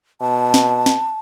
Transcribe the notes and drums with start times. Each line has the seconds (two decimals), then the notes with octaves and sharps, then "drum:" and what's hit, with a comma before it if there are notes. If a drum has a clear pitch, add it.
0.21 B2 A5
0.54 drum: snare
0.86 drum: snare